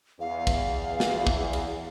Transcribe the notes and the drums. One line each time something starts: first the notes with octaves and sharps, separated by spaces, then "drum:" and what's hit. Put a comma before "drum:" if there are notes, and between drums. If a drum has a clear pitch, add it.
E2 F5
drum: kick, cymbal
drum: snare
drum: kick
drum: cymbal